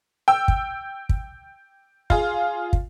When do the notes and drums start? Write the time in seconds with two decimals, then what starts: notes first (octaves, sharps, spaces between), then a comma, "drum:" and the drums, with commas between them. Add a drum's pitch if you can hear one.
0.28 G5 E6
0.48 drum: kick
1.09 drum: kick
2.10 F4 G#4, drum: kick
2.73 drum: kick